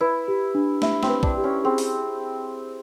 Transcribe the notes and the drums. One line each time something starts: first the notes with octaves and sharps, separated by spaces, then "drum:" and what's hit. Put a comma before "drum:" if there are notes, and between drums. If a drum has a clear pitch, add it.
E4 B4
G4
D4
E4 E5, drum: snare
C4, drum: snare
B4
D4, drum: kick
G4
C#4
C4 G#4
drum: open hi-hat